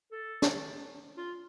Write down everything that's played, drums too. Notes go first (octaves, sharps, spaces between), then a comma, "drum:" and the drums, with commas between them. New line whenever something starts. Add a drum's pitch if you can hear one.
A4
drum: snare
F4